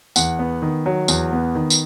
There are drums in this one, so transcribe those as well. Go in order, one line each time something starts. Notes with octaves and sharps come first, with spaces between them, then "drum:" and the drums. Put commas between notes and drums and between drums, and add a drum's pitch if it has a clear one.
E2 F#5, drum: tambourine
B3
D#3
F#3
E2, drum: tambourine
B3
D#3
drum: tambourine